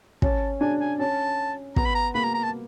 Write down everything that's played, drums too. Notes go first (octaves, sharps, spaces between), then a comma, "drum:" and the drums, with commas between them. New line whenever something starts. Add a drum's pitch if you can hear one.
C#4 A5, drum: kick
D4 G#5
G#5
C#4 A5
B3 A#5, drum: kick
B5
A#5
A#3 B5
A#5
A#5
A5